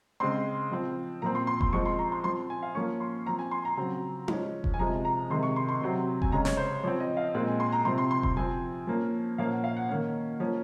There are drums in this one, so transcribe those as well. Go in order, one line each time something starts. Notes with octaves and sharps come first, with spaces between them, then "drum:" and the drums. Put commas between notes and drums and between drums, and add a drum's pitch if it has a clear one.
C#3 G#3 C4 C6
F3 C4
A#2 F3 C4 A#5
C6
C6
C6, drum: kick F1
F3 G#3 C4 C#6
C6
A#5
C6
F3 C4 C6
G#5
F5
F3 A#3 C#4 C#6
C6
F3 C4 A#5
G#5
C6
A#5
C#3 F#3 C4
F3 G#3 C#4, drum: tom D#4
drum: kick F1
G#5
C3 F3 G#3 A#5
A#5
C3 D#3 G#3 C6
C#6
C6
C6
C3 F#3 C4
G#5, drum: kick F1
C#3 G#3 C#4 A#5
C#5, drum: snare
C5
F3 C4 C#5
D#5
F5
A#2 G#3 C4
G#5
C6
A#5
C3 F3 C4 C6
C6
C6
C6, drum: kick F1
F3 C4 G#5
F3 A#3 C#4
A#2 F3 A#3 C#4 F5
F#5
F5
F#5
D#3 A#3 C#4
F3 A#3 C#4